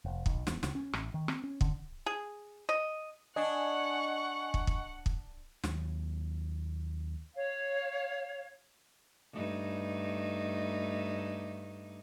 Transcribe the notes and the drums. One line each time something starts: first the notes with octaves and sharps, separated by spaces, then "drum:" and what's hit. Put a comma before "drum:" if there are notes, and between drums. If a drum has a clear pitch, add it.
F1
B1, drum: kick
E2, drum: snare
C#2, drum: snare
C#4
A1, drum: rim click
D#3
C4, drum: rim click
C#4
D3, drum: kick
G#4
D#5
D4 D#5 F#5 G#5 C#6
drum: kick
drum: kick
drum: kick
D#2 F#3, drum: snare
C#5 F5
G2 A3 D#4